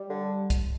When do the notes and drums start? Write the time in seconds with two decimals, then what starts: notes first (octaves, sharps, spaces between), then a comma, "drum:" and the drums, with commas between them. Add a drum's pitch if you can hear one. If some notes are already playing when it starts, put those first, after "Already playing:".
Already playing: G3
0.10 D3
0.50 drum: kick, hi-hat